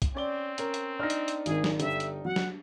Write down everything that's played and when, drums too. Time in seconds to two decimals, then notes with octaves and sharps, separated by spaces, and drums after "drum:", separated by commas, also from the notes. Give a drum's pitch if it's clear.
0.02 drum: kick, hi-hat
0.15 C4 C#4 D5 G7
0.58 C#4 A#4, drum: hi-hat
0.74 drum: hi-hat
1.00 D4 D#4 F6 A#6
1.10 drum: hi-hat
1.28 drum: hi-hat
1.46 G#1 D#3 G#4, drum: hi-hat
1.64 drum: snare
1.80 G1 G4 A4 E5, drum: hi-hat
2.00 drum: hi-hat
2.25 F#3 F#5
2.36 drum: snare